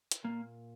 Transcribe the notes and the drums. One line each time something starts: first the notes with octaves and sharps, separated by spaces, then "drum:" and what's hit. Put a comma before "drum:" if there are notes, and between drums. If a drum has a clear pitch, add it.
drum: hi-hat
A#2 A#3